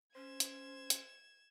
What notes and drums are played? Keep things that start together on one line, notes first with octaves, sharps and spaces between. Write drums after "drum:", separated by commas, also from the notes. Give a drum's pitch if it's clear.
C#4 C5 G#6 E7
drum: hi-hat
drum: hi-hat